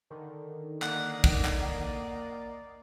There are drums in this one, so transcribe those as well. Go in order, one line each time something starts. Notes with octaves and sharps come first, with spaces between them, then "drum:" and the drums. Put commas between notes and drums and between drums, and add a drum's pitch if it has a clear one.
D3 D#3
A#3 D5 D#5 F#5, drum: clap
drum: kick
drum: clap